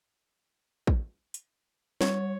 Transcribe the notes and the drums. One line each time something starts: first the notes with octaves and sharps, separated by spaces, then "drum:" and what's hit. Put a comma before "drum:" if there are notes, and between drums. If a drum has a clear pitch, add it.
drum: kick
drum: hi-hat
G3 C#5, drum: snare